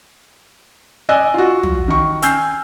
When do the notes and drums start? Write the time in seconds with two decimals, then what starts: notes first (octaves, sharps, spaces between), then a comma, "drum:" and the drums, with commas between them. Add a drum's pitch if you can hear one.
1.09 D5 D#5 G#5 E6 F#6
1.34 F4 F#4
1.63 drum: tom
1.88 D#3 C#6
2.22 G#5 E6 F6 G6 C7, drum: hi-hat